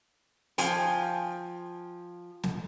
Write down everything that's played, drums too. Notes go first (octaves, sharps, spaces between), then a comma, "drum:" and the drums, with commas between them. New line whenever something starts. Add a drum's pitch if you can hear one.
F3 G5 G#5, drum: open hi-hat
drum: snare